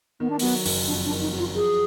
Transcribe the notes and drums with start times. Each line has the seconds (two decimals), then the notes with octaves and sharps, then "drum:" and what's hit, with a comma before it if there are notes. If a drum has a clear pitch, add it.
0.20 D#3 B3
0.30 D4
0.39 F#3 B3, drum: open hi-hat
0.66 F#1, drum: open hi-hat
0.87 F2 D4
1.05 D4
1.10 D#3
1.21 D#4
1.33 F#3
1.39 F4
1.55 F3 G#4